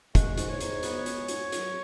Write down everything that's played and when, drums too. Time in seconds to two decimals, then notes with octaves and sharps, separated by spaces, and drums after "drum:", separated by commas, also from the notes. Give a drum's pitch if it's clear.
0.15 G#3 F#4, drum: kick, hi-hat
0.37 G#2, drum: hi-hat
0.49 C#5
0.60 G#2, drum: hi-hat
0.83 B3, drum: hi-hat
1.06 G#3, drum: hi-hat
1.28 G#2, drum: hi-hat
1.52 F#3, drum: hi-hat